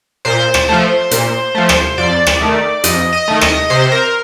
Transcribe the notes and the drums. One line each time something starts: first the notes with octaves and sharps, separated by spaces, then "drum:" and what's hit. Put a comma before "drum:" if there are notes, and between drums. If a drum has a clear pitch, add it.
A#2 C5
drum: rim click
F3 A3
A#2, drum: hi-hat
F3 A3
drum: rim click
F2 D5
drum: rim click
D#3 A3
F2 D#5, drum: hi-hat
D#5
D#3 A3
D#5, drum: rim click
C3 C5
A#4